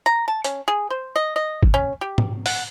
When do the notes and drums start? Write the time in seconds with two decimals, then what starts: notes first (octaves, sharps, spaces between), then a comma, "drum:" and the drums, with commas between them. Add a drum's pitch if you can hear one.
0.06 A#5
0.28 A5
0.44 C#4, drum: hi-hat
0.68 G#4
0.90 C5
1.16 D#5
1.36 D#5
1.63 drum: kick
1.74 C#4
2.01 G4
2.18 drum: tom
2.46 F#5, drum: open hi-hat